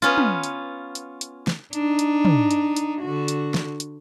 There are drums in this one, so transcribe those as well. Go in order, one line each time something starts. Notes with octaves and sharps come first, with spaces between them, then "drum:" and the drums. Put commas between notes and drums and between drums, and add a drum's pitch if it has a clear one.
B3 C#4 F4
drum: tom
drum: hi-hat
drum: hi-hat
drum: hi-hat
drum: snare
D4 D#4, drum: hi-hat
drum: hi-hat
drum: tom
drum: hi-hat
drum: hi-hat
D3 F#4
drum: hi-hat
drum: snare
drum: hi-hat